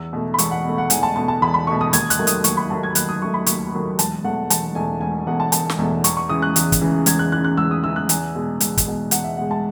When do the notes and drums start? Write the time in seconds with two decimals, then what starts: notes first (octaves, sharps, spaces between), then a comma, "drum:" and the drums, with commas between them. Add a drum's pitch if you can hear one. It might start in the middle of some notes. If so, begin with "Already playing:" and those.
Already playing: E2 E6
0.13 B2 A3
0.34 B5
0.38 E2 C#6, drum: hi-hat
0.51 F#5
0.64 B2 A3
0.78 F#5
0.90 E2 G#5, drum: hi-hat
1.03 A5
1.16 B2 A3 A5
1.28 A5
1.42 E2 B5
1.54 B5
1.67 B2 A3 C#6
1.81 D#6
1.93 D#2 G#6, drum: hi-hat
2.10 F#6, drum: hi-hat
2.19 D#3 F#3 A3
2.27 D#6, drum: hi-hat
2.44 D#2 C#6, drum: hi-hat
2.57 B5
2.70 D#3 F#3 A3 A5
2.83 G#6
2.95 D#2 F#6, drum: hi-hat
3.09 D#6
3.21 D#3 F#3 A3 C#6
3.34 B5
3.46 D#2 C#6, drum: hi-hat
3.73 D#3 F#3 A3
3.99 E1 A5, drum: hi-hat
4.24 E2 B2 A3 F#5
4.50 E1 A5, drum: hi-hat
4.75 E2 B2 A3 G#5
5.01 E1 G#5
5.27 E2 B2 A3 F#5
5.40 A5
5.52 E1 A5, drum: hi-hat
5.70 drum: snare
5.79 E2 B2 A3
6.04 E2 C#6, drum: hi-hat
6.17 C#6
6.29 C#3 E3 D#6
6.42 F#6
6.56 E2, drum: hi-hat
6.72 drum: kick, hi-hat
6.81 C#3 E3
7.06 E2 G#6, drum: hi-hat
7.19 F#6
7.32 C#3 E3 F#6
7.44 F#6
7.57 E2 E6
7.71 D#6
7.84 C#3 E3 E6
7.96 F#6
8.09 E2 G#5, drum: hi-hat
8.35 B2 G#3
8.60 E2, drum: hi-hat
8.78 drum: kick, hi-hat
8.87 B2 G#3
9.11 E2 F#5, drum: hi-hat
9.24 E5
9.37 B2 G#3 F#5
9.51 A5